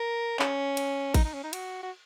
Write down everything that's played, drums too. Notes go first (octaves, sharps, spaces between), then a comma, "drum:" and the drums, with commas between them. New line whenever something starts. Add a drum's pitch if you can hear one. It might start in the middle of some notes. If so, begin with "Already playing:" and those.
Already playing: A#4
C#4, drum: clap
drum: cymbal
D#4, drum: kick A1, cymbal
D#4
C#4
D#4
F#4, drum: cymbal
F#4